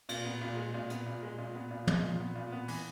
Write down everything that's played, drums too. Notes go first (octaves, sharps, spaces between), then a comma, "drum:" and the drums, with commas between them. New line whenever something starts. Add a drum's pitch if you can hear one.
A#2, drum: cymbal
B3
A#2
G#3
A#2
B3, drum: hi-hat
A#2
G#3
A#2
B3
A#2
G#3, drum: tom
A#2
B3
A#2
B3
E3, drum: open hi-hat